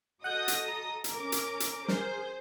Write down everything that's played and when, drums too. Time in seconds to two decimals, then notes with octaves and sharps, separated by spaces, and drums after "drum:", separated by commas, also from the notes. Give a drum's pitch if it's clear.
0.24 F#4 A4 D#5 F#5 D#6 F#6 G6
0.48 drum: hi-hat
0.68 A#5
1.04 drum: hi-hat
1.13 C#4 A#4 D6
1.32 drum: hi-hat
1.60 drum: hi-hat
1.88 G#4 A#4 C5, drum: snare